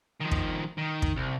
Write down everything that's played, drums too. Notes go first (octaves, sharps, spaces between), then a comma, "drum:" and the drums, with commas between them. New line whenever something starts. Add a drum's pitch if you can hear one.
D#3 F3
drum: kick
D#3
drum: kick
C2